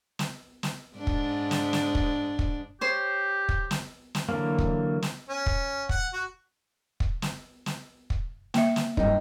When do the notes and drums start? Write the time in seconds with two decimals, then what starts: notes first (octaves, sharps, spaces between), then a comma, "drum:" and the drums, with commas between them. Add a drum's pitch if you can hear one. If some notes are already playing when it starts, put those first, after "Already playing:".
0.19 drum: snare
0.63 drum: snare
0.96 G#2 D4
1.07 drum: kick
1.51 drum: snare
1.73 drum: snare
1.95 drum: kick
2.39 drum: kick
2.81 G4 C5 C#5
3.49 drum: kick
3.71 drum: snare
4.15 drum: snare
4.29 D3 E3 F#3 A#3
4.59 drum: kick
5.02 drum: snare
5.29 C#4
5.46 drum: kick
5.89 F#5, drum: kick
6.13 F#4
7.00 drum: kick
7.22 drum: snare
7.66 drum: snare
8.10 drum: kick
8.54 A#3 E5, drum: snare
8.76 drum: snare
8.97 G2 D#4, drum: kick